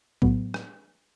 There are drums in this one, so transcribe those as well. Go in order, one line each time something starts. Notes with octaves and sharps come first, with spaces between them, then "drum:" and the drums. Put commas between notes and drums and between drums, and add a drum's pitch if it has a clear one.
A2 F#3 B3, drum: kick A#1
drum: rim click